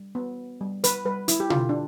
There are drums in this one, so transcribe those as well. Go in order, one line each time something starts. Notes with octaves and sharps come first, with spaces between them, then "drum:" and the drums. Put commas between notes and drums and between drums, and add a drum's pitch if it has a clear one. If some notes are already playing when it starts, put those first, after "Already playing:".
Already playing: G3
B3
G3
B4, drum: hi-hat
G3 B4
E4, drum: hi-hat
G4
D3 F4, drum: tom B2
D4